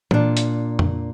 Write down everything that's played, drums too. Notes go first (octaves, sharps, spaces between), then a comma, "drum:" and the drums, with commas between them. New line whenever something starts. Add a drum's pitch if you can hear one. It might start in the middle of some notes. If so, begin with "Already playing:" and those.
A#2 D4, drum: tom
drum: hi-hat
drum: tom F2